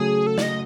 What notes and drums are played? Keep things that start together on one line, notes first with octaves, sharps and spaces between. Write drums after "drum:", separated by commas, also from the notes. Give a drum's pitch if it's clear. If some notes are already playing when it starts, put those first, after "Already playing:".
Already playing: C#3 F#3 A3 G#4
A4
D5, drum: snare
D#5